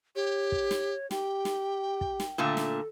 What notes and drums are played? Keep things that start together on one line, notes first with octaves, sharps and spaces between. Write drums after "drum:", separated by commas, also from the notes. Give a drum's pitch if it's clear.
G4 C#5
drum: kick
drum: snare
G4 G5, drum: snare
drum: snare
drum: kick
drum: snare
A#2 D3 A3 A4
drum: snare